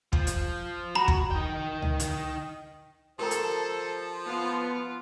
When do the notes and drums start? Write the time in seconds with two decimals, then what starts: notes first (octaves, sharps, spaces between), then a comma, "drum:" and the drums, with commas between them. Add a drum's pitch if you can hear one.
0.13 F3, drum: kick
0.27 drum: hi-hat
0.95 F#4 A#5 B5
1.08 drum: kick
1.31 D#4 G5
1.82 drum: tom C#2
2.00 drum: hi-hat
3.19 F3 G4 A4 A#4 C5 A#5
3.31 drum: hi-hat
4.27 B3 F4